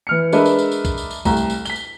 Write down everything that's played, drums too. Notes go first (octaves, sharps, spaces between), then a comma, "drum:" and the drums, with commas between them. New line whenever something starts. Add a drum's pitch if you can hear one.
E3 F6 C#7
G#3 D4 A#4 B4 E5, drum: tambourine
drum: tambourine
drum: tambourine
drum: tambourine
drum: kick B1, tambourine
drum: tambourine
drum: tambourine
C2 A3 A#5, drum: kick B1, tambourine
drum: tambourine
drum: tambourine
B6 G7, drum: tambourine
drum: tambourine